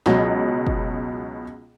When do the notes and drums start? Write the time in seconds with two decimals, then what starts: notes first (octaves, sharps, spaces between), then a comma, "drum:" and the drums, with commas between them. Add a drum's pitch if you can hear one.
0.06 C#2 B2 F#3, drum: snare
0.67 drum: kick